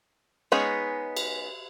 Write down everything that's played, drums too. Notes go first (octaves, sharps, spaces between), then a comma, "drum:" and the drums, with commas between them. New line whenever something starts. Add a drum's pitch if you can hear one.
G#3 B3 C#4 D#4 G#4
drum: cymbal